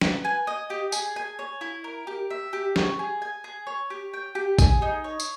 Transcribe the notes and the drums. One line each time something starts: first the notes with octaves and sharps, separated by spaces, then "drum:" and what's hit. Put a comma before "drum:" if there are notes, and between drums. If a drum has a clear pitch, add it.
B4, drum: snare
G#5
D#5
G4
G#4, drum: tambourine
G#5
C#5
E4
A#4
G4
E5
G4
C#5, drum: snare
G#4
G#5
G#4
C#5
G4
G5
G4
G#4, drum: kick A1, tambourine
D#4
C#5
drum: tambourine